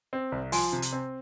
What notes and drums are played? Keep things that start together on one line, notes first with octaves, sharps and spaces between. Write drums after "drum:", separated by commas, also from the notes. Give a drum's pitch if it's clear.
C4
C2
F3 G#5 C6, drum: open hi-hat
C3
drum: hi-hat
C4